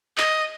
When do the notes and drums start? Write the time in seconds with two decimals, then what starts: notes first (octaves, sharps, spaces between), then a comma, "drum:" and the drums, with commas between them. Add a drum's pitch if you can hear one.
0.18 D#5, drum: clap